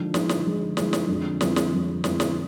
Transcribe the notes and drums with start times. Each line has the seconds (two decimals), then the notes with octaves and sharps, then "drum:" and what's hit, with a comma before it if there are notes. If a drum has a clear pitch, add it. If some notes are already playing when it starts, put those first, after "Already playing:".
Already playing: D3 F3 G#3 D#4
0.14 D3 F3 G#3 D#4, drum: snare
0.29 drum: snare
0.45 D3 F3 G#3 D#4
0.77 D3 F3 G#3 D#4, drum: snare
0.93 drum: snare
1.08 F2 D3 F3 G#3
1.41 F2 D3 F3 G#3, drum: snare
1.56 drum: snare
1.72 F2 D3 F3 G#3
2.04 F2 D3 F3 G#3, drum: snare
2.20 drum: snare